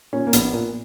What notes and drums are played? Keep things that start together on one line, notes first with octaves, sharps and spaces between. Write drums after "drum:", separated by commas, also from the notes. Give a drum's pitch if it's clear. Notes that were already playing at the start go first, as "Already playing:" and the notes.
A#2 C#4
A#3
A#1 B3, drum: hi-hat
A#2 A#3